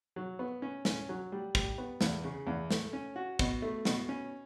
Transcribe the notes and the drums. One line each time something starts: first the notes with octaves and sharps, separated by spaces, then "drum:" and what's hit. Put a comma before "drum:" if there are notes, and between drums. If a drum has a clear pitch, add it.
F#3
B3
C#4
C#4, drum: snare
F#3
G3
G3, drum: kick
B3
E2, drum: snare
C#3
E2
A3, drum: snare
C#4
F#4
B2, drum: kick
A3
B2, drum: snare
C#4